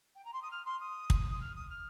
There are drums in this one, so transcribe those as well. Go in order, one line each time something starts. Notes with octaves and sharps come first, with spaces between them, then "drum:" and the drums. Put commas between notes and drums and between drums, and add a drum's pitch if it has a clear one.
G5
A#5
C6
D#6
F6
C6
D#6
drum: kick
D#6
F6
D#6
F6